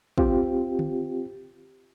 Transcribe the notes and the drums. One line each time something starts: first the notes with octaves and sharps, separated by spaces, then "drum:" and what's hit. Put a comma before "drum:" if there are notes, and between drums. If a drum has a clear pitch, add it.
C4 F4 G4, drum: kick
drum: tom D3